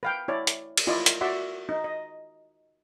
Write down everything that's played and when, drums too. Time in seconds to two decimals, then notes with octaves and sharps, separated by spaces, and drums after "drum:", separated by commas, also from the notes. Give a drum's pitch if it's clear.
0.03 B4 F5 G5
0.28 E4 C#5 D5
0.47 drum: hi-hat
0.77 drum: cymbal
0.87 E4 F4 D5 D#5
1.06 drum: hi-hat
1.21 F#4 D5 E5 F#5 C6
1.69 D#4
1.84 D#5